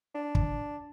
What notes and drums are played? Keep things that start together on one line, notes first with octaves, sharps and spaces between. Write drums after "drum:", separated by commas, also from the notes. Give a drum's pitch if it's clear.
D4
drum: kick